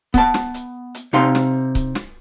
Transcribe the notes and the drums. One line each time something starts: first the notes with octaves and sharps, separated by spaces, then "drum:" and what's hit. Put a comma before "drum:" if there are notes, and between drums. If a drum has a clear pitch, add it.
B3 A5, drum: kick C#1, hi-hat
drum: snare
drum: hi-hat
drum: hi-hat
C3 D#4 F5 C6
drum: snare
drum: kick C#1, hi-hat
drum: snare